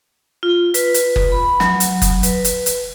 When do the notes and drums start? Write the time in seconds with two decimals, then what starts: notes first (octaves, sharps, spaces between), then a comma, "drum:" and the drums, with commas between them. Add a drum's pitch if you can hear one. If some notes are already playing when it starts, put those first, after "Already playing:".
0.43 F4
0.74 B4, drum: hi-hat
0.94 drum: hi-hat
1.16 drum: kick F#1
1.32 B5
1.60 F#3, drum: snare
1.80 drum: hi-hat
2.02 drum: kick F#1, hi-hat
2.23 B4, drum: hi-hat
2.45 drum: hi-hat
2.66 drum: hi-hat